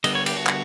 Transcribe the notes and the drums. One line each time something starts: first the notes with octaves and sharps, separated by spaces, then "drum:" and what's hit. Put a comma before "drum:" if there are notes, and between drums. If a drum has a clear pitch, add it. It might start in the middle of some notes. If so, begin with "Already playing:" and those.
D3 G3 B3 D#5, drum: cymbal
C#5
G4, drum: cymbal
F#4
drum: clap